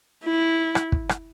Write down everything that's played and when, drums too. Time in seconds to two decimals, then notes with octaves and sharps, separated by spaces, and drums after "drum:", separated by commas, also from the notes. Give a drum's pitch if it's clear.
0.24 E4
0.75 drum: rim click
0.92 drum: kick
1.09 drum: rim click